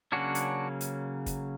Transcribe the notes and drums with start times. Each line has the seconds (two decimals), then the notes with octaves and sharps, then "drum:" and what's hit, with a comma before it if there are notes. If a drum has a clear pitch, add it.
0.12 C#3 F#3 A#3 C#4 D4 F#4
0.35 drum: hi-hat
0.81 drum: hi-hat
1.26 drum: kick, hi-hat